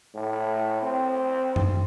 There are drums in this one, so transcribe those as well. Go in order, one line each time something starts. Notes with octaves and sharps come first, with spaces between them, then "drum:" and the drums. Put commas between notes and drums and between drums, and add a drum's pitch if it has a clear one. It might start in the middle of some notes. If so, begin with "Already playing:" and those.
A2
C4
drum: tom F#2